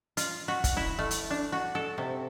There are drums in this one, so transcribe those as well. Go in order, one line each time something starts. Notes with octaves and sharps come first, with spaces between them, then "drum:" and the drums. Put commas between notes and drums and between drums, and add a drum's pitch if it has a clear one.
F4, drum: hi-hat
F#4
drum: kick, hi-hat
E4
A3
drum: hi-hat
D4
F#4
A4
C3